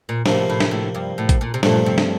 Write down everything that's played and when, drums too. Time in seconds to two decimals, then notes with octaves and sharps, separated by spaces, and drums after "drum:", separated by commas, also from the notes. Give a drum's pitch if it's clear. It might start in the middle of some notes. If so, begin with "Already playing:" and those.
0.09 A#2
0.26 A2 C3 F3 A#3, drum: snare
0.50 A2
0.60 drum: snare
0.71 A2
0.95 G2
1.18 A2
1.29 drum: kick A#1, hi-hat
1.41 A#2
1.54 C3
1.63 G2 A#2 F3 A3, drum: snare
1.86 C3
1.98 drum: snare